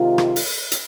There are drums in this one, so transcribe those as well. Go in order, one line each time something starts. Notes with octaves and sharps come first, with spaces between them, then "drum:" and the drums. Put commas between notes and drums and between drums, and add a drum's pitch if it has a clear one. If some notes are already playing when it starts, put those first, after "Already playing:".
Already playing: C3 D#3 G#3 F4
drum: rim click
drum: open hi-hat
drum: hi-hat